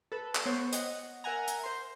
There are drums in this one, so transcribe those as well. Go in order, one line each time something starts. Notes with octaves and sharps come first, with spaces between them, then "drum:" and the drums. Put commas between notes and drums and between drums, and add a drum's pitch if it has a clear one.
A4 B4
drum: clap
B3 C5 C#5
D#5 F#5, drum: hi-hat
A#4 E5 F#5 G#5 A#5
drum: hi-hat
C5 C6